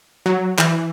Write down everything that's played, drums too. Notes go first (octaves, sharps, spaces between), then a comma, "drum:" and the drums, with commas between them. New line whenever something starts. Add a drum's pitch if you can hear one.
F#3
E3, drum: clap